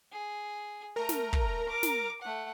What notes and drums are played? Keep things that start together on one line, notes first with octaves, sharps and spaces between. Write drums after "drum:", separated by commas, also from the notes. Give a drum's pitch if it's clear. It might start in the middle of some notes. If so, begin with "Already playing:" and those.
G#4
A3 A#4 A#5
drum: snare
drum: kick
D6
drum: snare
A3 F#5